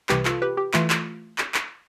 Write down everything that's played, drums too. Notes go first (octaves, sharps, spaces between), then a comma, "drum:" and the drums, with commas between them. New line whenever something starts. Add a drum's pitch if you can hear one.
C2 C3 E3 G4 B4, drum: clap
F4 A4, drum: clap
G4 B4
G4
E3 A3 F4, drum: clap
drum: clap
drum: clap
drum: clap